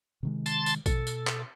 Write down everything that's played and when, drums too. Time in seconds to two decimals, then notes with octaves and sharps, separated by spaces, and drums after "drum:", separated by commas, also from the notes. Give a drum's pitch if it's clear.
0.23 C3 D#3 G#3
0.46 A5 C6 A6, drum: tambourine
0.66 drum: tambourine
0.86 B2 A4, drum: kick A#1, tambourine
1.07 drum: tambourine
1.27 drum: clap